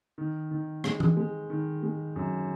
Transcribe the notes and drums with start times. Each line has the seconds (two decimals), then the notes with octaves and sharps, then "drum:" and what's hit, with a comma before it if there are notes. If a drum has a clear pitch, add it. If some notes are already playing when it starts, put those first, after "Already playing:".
0.18 D#3
0.51 D#3
0.84 G#3, drum: rim click
1.00 drum: tom E3
1.17 G#3
1.50 D#3
1.83 G#3
2.16 F#2